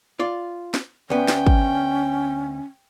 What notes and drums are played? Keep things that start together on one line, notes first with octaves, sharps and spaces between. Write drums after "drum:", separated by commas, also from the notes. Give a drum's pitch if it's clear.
F4 D5
drum: snare
D2 B3 C#4 G5
drum: snare
drum: kick